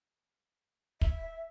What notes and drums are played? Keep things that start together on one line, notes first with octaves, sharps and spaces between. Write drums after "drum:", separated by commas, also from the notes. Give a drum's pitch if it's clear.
E5, drum: kick